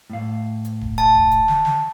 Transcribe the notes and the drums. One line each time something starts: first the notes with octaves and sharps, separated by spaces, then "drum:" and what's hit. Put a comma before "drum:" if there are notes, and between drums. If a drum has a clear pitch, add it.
A2 F5
drum: hi-hat
drum: kick D1
A5, drum: hi-hat
drum: kick D1
drum: hi-hat
drum: snare
drum: snare